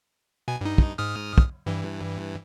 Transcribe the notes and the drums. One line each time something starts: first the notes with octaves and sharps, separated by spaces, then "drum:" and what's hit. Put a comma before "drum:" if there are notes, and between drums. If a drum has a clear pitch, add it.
B2 G#5
G2 D#4
drum: kick
G#2 D#6 F6
drum: kick
G2 E3